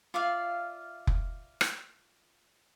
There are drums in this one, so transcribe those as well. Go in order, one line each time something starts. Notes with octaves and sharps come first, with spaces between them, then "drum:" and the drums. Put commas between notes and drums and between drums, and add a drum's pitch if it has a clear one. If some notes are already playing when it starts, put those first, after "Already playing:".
F4 D5 E5 F5
drum: kick F1
drum: rim click